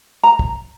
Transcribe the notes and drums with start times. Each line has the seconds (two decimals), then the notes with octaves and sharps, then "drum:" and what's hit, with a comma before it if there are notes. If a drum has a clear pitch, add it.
0.23 A#5
0.39 drum: kick